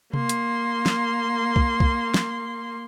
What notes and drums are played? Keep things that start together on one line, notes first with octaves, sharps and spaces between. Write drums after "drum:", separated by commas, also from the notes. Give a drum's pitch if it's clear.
A#3 C6, drum: tom C3
drum: hi-hat
drum: snare
drum: kick
drum: kick
drum: snare